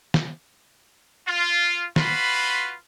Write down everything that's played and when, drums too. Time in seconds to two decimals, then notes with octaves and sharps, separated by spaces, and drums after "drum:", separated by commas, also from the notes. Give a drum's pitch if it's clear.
0.14 drum: snare
1.27 F4
1.96 F4 F#4 B4 B5 C6, drum: snare